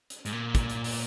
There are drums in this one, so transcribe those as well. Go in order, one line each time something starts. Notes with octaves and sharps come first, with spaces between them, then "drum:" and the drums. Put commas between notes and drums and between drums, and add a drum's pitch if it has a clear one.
drum: hi-hat
G#2, drum: hi-hat
A#2
drum: kick, hi-hat
drum: hi-hat
drum: open hi-hat